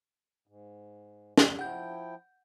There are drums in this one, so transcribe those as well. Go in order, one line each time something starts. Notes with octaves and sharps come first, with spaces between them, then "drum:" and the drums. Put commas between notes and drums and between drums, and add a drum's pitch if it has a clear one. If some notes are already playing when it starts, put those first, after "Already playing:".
G#2
drum: snare
F3 E4 F#5 G5 G6